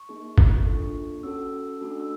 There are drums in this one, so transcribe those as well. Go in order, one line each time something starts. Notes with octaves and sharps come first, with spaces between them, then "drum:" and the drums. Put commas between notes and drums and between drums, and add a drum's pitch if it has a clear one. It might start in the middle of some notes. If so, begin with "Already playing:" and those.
Already playing: C#6
A#3 D#4 G#4
drum: kick G#1
A#3 D4 F4 A4 C#6
C#4 F#4 A4 E6
A3 D4 F#4 A4
E6